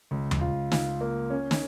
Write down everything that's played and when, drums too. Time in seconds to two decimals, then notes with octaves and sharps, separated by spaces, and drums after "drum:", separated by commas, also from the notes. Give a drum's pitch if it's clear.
0.11 C#2
0.31 drum: tom D#2
0.41 F4
0.72 F4, drum: snare
1.01 A#3
1.30 C#4
1.51 drum: snare